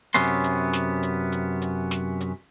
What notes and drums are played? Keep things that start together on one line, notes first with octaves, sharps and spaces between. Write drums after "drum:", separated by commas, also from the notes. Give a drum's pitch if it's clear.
F#2 C3 B3 C#4 C6, drum: hi-hat
drum: hi-hat
drum: snare
drum: hi-hat
drum: hi-hat
drum: hi-hat
drum: snare
drum: hi-hat